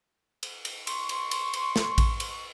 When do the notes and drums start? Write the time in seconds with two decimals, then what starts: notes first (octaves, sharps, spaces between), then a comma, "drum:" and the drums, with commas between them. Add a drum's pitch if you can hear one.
0.43 drum: cymbal
0.65 drum: cymbal
0.87 C6 C#6, drum: cymbal
1.09 drum: cymbal
1.31 drum: cymbal
1.54 drum: cymbal
1.76 drum: snare
1.98 drum: kick A1, cymbal
2.20 drum: cymbal